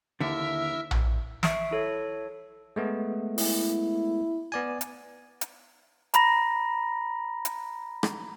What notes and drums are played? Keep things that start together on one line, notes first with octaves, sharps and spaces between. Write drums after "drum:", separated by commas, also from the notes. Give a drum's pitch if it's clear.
D#2 D3 E4 A#4 E5 E6
drum: tom A#1
E5 C#6 C7 D7, drum: snare
E4 A4 C#5
G#3 A3 B3
E4, drum: open hi-hat
B3 D5 G#5
drum: hi-hat
drum: hi-hat
A#5 B5 A#6, drum: hi-hat
drum: hi-hat
drum: rim click